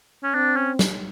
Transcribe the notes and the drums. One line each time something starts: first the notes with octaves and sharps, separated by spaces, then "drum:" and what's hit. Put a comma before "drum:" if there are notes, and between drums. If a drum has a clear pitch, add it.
C#4
C4 D4
C#4
drum: snare